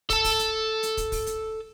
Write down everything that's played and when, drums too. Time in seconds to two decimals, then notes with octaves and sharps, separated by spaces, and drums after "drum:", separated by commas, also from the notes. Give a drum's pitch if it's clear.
0.10 A4 A5, drum: kick, hi-hat
0.24 drum: kick, open hi-hat
0.39 drum: hi-hat
0.83 drum: hi-hat
0.97 drum: kick, hi-hat
1.12 drum: kick, open hi-hat
1.27 drum: hi-hat